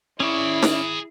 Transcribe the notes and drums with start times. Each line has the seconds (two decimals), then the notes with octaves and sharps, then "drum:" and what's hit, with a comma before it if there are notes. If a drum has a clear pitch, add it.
0.20 C#4 E4 G#4 D5 B5 C#6
0.63 drum: snare